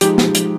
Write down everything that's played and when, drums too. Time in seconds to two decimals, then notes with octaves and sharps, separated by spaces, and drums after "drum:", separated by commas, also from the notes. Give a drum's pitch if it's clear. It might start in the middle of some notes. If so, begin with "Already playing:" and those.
0.01 F3 G#3 D#4 G4, drum: hi-hat
0.18 drum: snare
0.35 drum: hi-hat